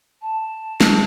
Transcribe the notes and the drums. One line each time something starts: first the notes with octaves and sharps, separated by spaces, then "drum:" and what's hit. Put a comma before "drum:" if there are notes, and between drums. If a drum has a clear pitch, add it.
A5
drum: snare